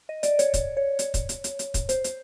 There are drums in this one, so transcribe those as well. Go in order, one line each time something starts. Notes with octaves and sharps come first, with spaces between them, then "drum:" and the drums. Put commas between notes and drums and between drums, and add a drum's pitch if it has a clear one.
D#5
D5, drum: hi-hat
C#5, drum: hi-hat
drum: kick, hi-hat
C#5
drum: hi-hat
drum: kick, hi-hat
drum: hi-hat
drum: hi-hat
drum: hi-hat
drum: kick, hi-hat
C5, drum: hi-hat
drum: hi-hat